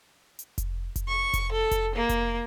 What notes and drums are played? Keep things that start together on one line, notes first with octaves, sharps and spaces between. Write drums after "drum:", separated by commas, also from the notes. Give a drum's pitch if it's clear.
drum: hi-hat
drum: kick F1, hi-hat
drum: kick F1, hi-hat
C#6
drum: kick F1, hi-hat
A4
drum: kick F1, hi-hat
A#3
drum: kick F1, hi-hat